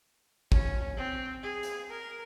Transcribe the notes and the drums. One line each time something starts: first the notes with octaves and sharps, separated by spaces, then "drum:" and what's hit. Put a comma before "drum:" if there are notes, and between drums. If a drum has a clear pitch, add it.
C#4, drum: kick
C4
G#4
drum: hi-hat
A#4